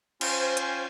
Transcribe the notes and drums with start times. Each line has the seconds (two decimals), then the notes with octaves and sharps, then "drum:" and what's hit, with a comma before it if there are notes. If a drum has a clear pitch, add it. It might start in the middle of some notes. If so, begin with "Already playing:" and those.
0.21 C#4 F4 C5 G5 G#5, drum: cymbal
0.57 drum: hi-hat